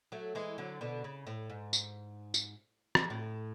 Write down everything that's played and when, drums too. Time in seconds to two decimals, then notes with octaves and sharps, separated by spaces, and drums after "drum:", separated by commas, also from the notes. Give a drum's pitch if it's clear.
0.12 F#3 A3
0.35 E3 G#3
0.58 D3 F#3
0.81 B2 D3
1.04 C#3
1.27 A2
1.50 G#2
1.73 drum: tambourine
2.34 drum: tambourine
2.95 drum: rim click
3.10 A2